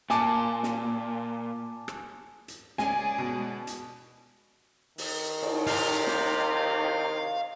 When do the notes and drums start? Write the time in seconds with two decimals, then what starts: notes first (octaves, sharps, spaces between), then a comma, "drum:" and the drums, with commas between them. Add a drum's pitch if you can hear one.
0.10 A#2 G#5 A5 D6, drum: snare
0.63 drum: snare
1.88 drum: rim click
2.48 drum: hi-hat
2.78 G#3 C#4 G#4 D5 G#5, drum: snare
3.18 B2
3.67 drum: hi-hat
4.98 D#3, drum: open hi-hat
5.43 drum: cymbal
5.67 C3 F5, drum: open hi-hat
6.07 drum: snare